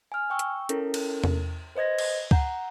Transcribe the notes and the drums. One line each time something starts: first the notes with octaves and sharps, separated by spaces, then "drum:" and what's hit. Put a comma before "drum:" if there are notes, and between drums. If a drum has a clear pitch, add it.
G#5 F6
G5 C#6 E6
drum: hi-hat
C#4 E4 A4 A#4, drum: hi-hat
drum: cymbal
drum: tom E2
B4 C5 D#5 G#6 A#6
drum: cymbal
F#5 A#5 G6, drum: kick C#2